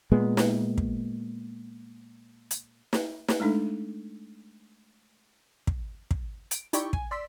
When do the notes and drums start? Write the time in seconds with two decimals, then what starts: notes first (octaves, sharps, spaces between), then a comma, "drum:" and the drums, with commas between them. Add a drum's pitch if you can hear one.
0.12 A#2 G#3 B3
0.37 drum: snare
0.78 drum: kick
2.51 drum: hi-hat
2.93 drum: snare
3.28 drum: snare
3.40 G#3 A3 D4 D#4 A4
5.67 drum: kick
6.11 drum: kick
6.51 D7, drum: hi-hat
6.73 D#4 E4 G4 D5 G5 C#6, drum: hi-hat
6.93 G#5, drum: kick
7.11 D5 C6 E6 B6